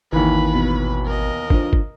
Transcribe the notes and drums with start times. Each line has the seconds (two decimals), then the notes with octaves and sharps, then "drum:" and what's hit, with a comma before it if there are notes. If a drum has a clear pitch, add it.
0.12 G#1 D#2 E3 B4 B5
0.54 B2
1.05 A#4 D#5
1.50 D3 F3, drum: kick
1.73 drum: kick